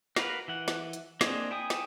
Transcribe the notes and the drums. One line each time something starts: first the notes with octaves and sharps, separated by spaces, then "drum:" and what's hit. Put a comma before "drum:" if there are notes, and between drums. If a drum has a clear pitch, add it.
F#4 A#4 B4 F5, drum: snare
E3 F#5
drum: snare
drum: hi-hat
A#3 C4 D4 G#4 D#5, drum: snare
E4 G5 G#5 D#6
drum: snare